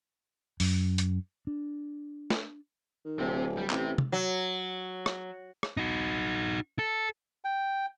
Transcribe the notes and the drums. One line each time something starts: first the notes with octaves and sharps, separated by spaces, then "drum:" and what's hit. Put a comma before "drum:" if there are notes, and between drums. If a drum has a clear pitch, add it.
F#2, drum: open hi-hat
drum: hi-hat
D4
drum: snare
D#3
D1 C4 G4
G3
A1 C4 G4, drum: clap
drum: tom
F#3
drum: rim click
drum: rim click
D#4 F#4
A4
G5